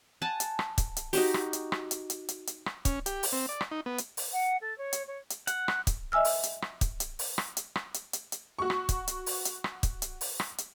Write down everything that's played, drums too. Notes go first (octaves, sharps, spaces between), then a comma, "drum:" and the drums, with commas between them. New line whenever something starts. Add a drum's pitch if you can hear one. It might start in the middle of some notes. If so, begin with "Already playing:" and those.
F#5 G#5 A5
drum: hi-hat
drum: rim click
drum: kick, hi-hat
drum: hi-hat
D#4 F#4 G4, drum: open hi-hat
drum: rim click
drum: hi-hat
drum: rim click
drum: hi-hat
drum: hi-hat
drum: hi-hat
drum: hi-hat
drum: rim click
C#4, drum: kick, hi-hat
G4, drum: hi-hat
drum: open hi-hat
C4
D5
drum: rim click
D#4
B3
drum: hi-hat
drum: open hi-hat
F#5
A4
C#5
drum: hi-hat
C#5
drum: hi-hat
F#5, drum: hi-hat
drum: rim click
drum: kick, hi-hat
D#5 E5 G#5 E6 F6
drum: open hi-hat
drum: hi-hat
drum: rim click
drum: kick, hi-hat
drum: hi-hat
drum: open hi-hat
drum: rim click
drum: hi-hat
drum: rim click
drum: hi-hat
drum: hi-hat
drum: hi-hat
F#4 C#6
drum: rim click
drum: kick, hi-hat
drum: hi-hat
drum: open hi-hat
drum: hi-hat
drum: rim click
drum: kick, hi-hat
drum: hi-hat
drum: open hi-hat
drum: rim click
drum: hi-hat